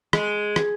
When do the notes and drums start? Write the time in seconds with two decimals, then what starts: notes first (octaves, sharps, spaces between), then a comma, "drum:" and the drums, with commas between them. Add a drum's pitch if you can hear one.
0.13 G#3, drum: rim click
0.56 drum: rim click